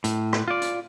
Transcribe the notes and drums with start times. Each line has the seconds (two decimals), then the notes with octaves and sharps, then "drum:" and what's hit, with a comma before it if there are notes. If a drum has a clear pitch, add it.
0.04 A2, drum: hi-hat
0.33 drum: rim click
0.48 F4 D5
0.62 drum: hi-hat